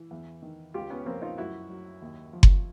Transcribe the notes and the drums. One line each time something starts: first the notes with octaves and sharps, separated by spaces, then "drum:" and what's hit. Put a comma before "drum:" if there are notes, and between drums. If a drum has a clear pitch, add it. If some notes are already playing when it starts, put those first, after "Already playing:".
Already playing: E3
E2
D#3
C#2 F4 G4
B3 C#4
F3 A#3 C4
D#4 F4
F#2 E4 F#4
F#3
D#2
F3
drum: kick F#1